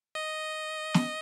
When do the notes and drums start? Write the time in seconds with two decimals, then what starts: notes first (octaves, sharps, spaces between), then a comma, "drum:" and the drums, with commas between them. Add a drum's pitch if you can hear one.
0.15 D#5
0.94 drum: snare